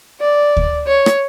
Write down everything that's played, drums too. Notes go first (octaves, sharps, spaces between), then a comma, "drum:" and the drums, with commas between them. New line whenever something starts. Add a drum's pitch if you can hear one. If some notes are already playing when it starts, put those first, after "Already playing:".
D5
drum: kick D2
C#5
drum: rim click